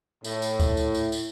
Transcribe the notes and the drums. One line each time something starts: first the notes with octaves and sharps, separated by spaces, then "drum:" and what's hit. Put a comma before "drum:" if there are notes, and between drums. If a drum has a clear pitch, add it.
A2, drum: tambourine
drum: tambourine
drum: kick C#2, tambourine
drum: tambourine
drum: tambourine
drum: tambourine